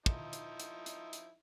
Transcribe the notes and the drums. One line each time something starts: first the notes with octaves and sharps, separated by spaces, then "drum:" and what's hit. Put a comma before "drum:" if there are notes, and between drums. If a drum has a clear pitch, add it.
F3 D#4 E4, drum: kick
drum: hi-hat
drum: hi-hat
drum: hi-hat
drum: hi-hat